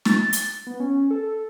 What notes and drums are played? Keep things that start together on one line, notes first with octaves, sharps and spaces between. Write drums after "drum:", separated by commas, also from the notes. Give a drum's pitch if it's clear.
A6, drum: snare
drum: hi-hat
B3
C#4
A4